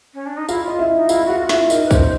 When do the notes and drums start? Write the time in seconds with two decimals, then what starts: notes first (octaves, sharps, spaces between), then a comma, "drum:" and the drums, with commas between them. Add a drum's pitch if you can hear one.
0.14 C#4
0.26 D4
0.37 D#4
0.49 E4 F4 F5, drum: tambourine
0.64 F4 D#5
0.79 E4 E5
0.95 D#4
1.09 E4 F4 F5, drum: tambourine
1.25 F4 F#4 F5
1.40 F#4
1.49 E4 E5, drum: snare
1.70 D#4 A#4 D#5, drum: tambourine
1.86 B4
1.91 C5, drum: kick, tambourine